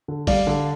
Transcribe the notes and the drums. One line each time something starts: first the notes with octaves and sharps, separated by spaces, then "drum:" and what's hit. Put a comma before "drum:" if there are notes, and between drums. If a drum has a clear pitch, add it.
D3
G3 D5 F5, drum: kick, open hi-hat
D3